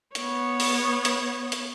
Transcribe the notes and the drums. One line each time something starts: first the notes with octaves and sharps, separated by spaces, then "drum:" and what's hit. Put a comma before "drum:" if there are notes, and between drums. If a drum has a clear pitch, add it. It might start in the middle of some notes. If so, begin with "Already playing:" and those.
B3 C#5, drum: hi-hat
drum: open hi-hat
drum: hi-hat
drum: hi-hat